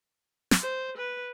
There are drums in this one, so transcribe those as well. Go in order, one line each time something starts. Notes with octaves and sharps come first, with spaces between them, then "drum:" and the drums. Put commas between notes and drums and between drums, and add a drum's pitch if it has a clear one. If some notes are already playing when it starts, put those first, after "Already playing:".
drum: snare
C5
B4